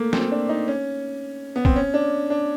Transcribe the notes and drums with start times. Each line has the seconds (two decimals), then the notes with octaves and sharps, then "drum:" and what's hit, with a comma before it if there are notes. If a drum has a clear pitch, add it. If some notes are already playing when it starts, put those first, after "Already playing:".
Already playing: A3 A#3
0.13 C4, drum: snare
0.32 D4
0.49 D#4
0.68 C#4
1.56 B3
1.65 C4, drum: kick
1.76 C#4
1.94 D4
2.30 D4